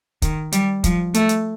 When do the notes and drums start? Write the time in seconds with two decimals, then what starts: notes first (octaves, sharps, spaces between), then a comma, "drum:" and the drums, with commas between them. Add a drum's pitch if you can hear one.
0.22 D#3, drum: kick, hi-hat
0.52 G3, drum: hi-hat
0.84 F3, drum: kick, hi-hat
1.14 A3, drum: hi-hat
1.29 drum: hi-hat